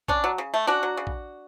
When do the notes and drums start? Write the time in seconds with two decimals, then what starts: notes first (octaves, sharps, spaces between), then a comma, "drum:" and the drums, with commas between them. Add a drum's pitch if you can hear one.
0.08 C#4 D4, drum: kick
0.24 F#3
0.38 C#3
0.54 A3
0.67 C#4 D4 F#4
0.83 F#3
0.97 C#3
1.07 drum: kick